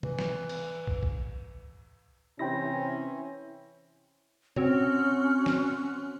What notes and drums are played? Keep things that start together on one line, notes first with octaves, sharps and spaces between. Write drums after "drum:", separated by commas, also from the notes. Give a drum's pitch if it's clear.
E3, drum: tom
drum: snare
drum: cymbal
drum: kick
drum: kick
C3 E3 C#4 E4 C5 G5 B5 A#6
C4 C#4 F#4 C#5, drum: tom
drum: snare